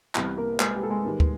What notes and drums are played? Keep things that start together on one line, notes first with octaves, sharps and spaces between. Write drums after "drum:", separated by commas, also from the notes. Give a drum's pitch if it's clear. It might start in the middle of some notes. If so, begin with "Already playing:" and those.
C2 C3 E3 B3 B4, drum: clap
A#3 A#4
G#3 G#4, drum: clap
G4
A4
G#3 G#4
G#2 D#3 G3 B3
drum: kick